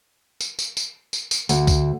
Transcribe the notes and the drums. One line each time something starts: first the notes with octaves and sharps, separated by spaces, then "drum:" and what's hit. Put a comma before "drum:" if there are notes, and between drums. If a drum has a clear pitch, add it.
drum: tambourine
drum: tambourine
drum: tambourine
drum: tambourine
drum: tambourine
D2, drum: tambourine
drum: kick C#2, tambourine